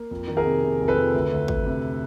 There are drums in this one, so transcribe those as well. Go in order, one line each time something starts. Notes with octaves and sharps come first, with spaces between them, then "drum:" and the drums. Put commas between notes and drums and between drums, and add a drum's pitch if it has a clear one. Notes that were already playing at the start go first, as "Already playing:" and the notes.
Already playing: A#3
F2
D#3
G#4 A#4
C3
C3
F2
A4 B4
F2
D2
D2
D2, drum: kick
C3